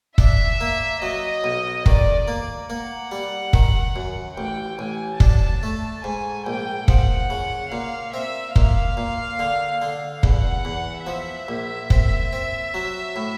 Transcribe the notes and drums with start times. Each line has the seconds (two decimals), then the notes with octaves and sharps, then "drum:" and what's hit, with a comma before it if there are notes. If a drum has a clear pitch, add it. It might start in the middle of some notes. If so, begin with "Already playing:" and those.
0.18 D4 E5, drum: kick
0.61 A#3
1.02 F#3 D#5
1.44 B1
1.86 D#3 D5, drum: kick
2.28 A#3
2.70 A#3 F#5
3.11 G3
3.53 D#3, drum: kick
3.96 F#2
4.37 A1 G5
4.79 A1 G#5
5.20 D4 A5, drum: kick
5.63 A3
6.04 G#2 G#5
6.46 A#1 G5
6.88 F3 F#5, drum: kick
7.30 C#3
7.72 A#2 F5
8.14 C4 E5
8.56 A#2 F5, drum: kick
8.97 A#2
9.39 D3
9.82 D3
10.23 E2 F#5, drum: kick
10.65 E2
11.07 F3 E5
11.48 A#1
11.90 C4, drum: kick
12.33 C4
12.74 F#3
13.16 A2